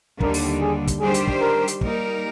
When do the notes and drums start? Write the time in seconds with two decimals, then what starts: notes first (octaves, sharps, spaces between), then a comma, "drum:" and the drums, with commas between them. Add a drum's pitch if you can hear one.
0.20 D#2 D3 G3 A#4, drum: kick
0.34 drum: open hi-hat
0.61 G#4
0.87 drum: kick, hi-hat
1.00 D#3 G3 D4 G4 G#4 C5
1.14 drum: hi-hat
1.27 drum: kick
1.41 A#4
1.68 drum: hi-hat
1.81 G3 A#3 D#4 A#4, drum: kick